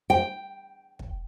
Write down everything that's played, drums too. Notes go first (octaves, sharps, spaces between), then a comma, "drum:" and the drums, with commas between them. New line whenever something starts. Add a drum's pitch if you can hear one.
G5
drum: kick